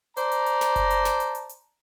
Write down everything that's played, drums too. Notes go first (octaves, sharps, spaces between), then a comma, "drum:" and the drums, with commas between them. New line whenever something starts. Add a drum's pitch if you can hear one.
C5 D5 A5 A#5, drum: hi-hat
drum: hi-hat
drum: hi-hat
drum: snare
drum: kick F#1, hi-hat
drum: hi-hat
drum: snare
drum: hi-hat
drum: hi-hat
drum: hi-hat